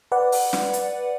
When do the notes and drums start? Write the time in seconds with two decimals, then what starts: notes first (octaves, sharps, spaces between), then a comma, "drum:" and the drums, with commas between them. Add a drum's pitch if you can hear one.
0.12 B4 D5 F#5
0.32 drum: open hi-hat
0.53 drum: snare
0.73 drum: hi-hat